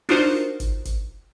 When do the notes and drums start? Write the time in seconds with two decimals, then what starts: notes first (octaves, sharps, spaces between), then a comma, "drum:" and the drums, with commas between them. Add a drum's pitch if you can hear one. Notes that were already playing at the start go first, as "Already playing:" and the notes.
0.09 D4 D#4 F4 F#4 A#4 C5, drum: open hi-hat
0.60 drum: kick, hi-hat
0.85 drum: kick, hi-hat